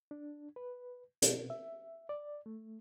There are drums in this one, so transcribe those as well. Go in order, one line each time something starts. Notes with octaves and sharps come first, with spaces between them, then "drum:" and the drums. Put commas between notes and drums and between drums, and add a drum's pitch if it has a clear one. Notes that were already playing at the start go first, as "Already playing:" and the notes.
D4
B4
B2, drum: hi-hat
E5
D5
A3